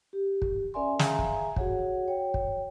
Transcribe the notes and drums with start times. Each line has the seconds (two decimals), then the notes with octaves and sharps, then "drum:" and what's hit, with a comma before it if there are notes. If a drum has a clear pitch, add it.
0.13 G4
0.42 drum: kick
0.74 C#4 A#4 D5 E5 G#5 C6
0.99 G#4 E5 F5 G#5 A#5, drum: snare
1.19 drum: kick
1.56 F#4 G#4 C#5 F#5, drum: kick
2.08 C#5 G5
2.34 drum: kick